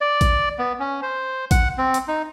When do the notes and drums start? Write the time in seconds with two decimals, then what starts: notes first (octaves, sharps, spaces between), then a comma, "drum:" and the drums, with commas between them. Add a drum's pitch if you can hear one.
0.01 D5
0.21 drum: kick A1, hi-hat
0.58 B3
0.79 C#4
1.02 C5
1.51 F#5, drum: kick A1, hi-hat
1.78 C4
1.94 drum: hi-hat
2.08 D#4